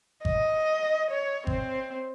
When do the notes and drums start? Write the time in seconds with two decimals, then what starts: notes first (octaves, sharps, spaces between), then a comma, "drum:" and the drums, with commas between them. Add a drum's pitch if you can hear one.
0.25 D#5, drum: kick G#1
1.11 C#5
1.47 C4, drum: kick G#1